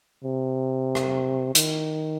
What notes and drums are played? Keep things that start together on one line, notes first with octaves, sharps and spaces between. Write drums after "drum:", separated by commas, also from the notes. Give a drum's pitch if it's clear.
C3
drum: rim click
D#3, drum: hi-hat